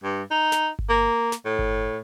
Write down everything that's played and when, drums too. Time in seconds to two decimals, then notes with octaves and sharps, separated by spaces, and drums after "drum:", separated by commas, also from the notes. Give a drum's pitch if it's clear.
0.04 G2
0.31 D#4
0.52 drum: snare
0.79 drum: kick G1
0.89 A#3
1.32 drum: snare
1.45 A2
1.59 drum: kick G1